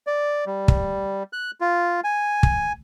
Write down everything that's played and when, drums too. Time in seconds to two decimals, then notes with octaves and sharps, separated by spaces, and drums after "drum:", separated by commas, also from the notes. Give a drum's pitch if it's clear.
0.07 D5
0.46 G3
0.68 drum: kick
1.33 F#6
1.61 F4
2.04 G#5
2.43 drum: kick